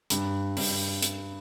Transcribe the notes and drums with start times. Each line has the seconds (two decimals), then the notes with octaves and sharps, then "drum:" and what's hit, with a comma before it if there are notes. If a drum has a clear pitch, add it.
0.10 G2, drum: hi-hat
0.57 G2, drum: open hi-hat
1.02 drum: hi-hat